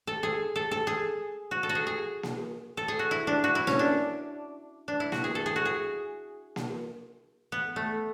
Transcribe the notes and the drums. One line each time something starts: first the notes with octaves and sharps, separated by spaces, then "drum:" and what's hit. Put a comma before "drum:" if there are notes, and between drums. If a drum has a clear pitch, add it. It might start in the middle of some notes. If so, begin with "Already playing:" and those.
A4
G#4
A4
A4
G#4
F#4
A4
F#4
G#4
G#4
drum: snare A#3
A4
G#4
F#4
E4
D4
F#4
E4
C#4, drum: snare A#3
D4
D4
E4
F#4, drum: snare A#3
G#4
A4
G#4
F#4
G#4
drum: snare A#3
B3
A3